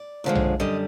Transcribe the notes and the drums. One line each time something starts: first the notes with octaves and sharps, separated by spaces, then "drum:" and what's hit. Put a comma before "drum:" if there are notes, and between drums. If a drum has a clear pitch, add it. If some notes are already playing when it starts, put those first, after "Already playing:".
Already playing: D5
D#2 D3 F3 G#3
drum: tom B1
F#2 D3 G3 D#5